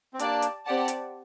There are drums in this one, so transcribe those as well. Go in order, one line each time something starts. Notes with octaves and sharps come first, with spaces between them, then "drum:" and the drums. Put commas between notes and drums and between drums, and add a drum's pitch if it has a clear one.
C4
A#3 D4 G4 D5 A5, drum: hi-hat
drum: hi-hat
C4 G4 D5 F#5 A5
drum: hi-hat